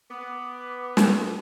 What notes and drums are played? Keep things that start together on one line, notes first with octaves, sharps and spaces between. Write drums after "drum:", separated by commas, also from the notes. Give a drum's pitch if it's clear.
B3 D6
drum: snare